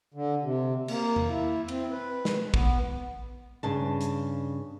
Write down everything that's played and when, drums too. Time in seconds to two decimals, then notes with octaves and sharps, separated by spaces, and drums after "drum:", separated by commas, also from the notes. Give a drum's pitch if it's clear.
0.14 D3
0.42 C3
0.88 A#3, drum: cymbal
1.16 drum: tom E2
1.29 E4
1.68 C4, drum: cymbal
1.91 B4
2.25 drum: snare
2.54 B3, drum: kick
3.63 G2 C#3 A5
4.01 drum: hi-hat